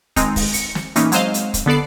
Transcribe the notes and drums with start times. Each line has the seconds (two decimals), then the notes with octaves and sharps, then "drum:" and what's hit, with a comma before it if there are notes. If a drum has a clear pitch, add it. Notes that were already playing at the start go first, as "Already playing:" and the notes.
0.16 D#3 G#3 C4 D#4, drum: kick, hi-hat
0.36 drum: kick, open hi-hat
0.54 C#7, drum: hi-hat
0.75 drum: snare
0.96 A#2 E3 A#3 B3 C#4 D#4, drum: hi-hat
1.12 F#3 G#3 C4 C5 D#5 F5, drum: hi-hat
1.34 drum: hi-hat
1.54 drum: kick, hi-hat
1.66 D3 B3 A4 D5 C7